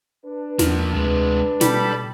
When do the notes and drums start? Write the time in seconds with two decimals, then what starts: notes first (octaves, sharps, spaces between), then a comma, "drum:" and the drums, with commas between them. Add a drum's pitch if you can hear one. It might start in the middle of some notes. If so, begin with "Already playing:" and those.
0.25 D4 B4
0.59 E2 F3 A#3, drum: snare
0.94 D2 C3 G#3
1.61 B2 G3 A4 B5, drum: snare